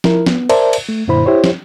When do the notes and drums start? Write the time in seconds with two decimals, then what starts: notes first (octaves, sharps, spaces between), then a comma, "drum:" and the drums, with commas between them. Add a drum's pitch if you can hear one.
0.04 F3 E4 A#4, drum: snare
0.26 B3, drum: snare
0.50 A#4 C5 D5 E5 A5, drum: cymbal
0.73 drum: cymbal
0.89 A3
1.08 F#2 A#2 D3 E4 C5 B5
1.26 E4 G4 C5 C#5
1.44 drum: snare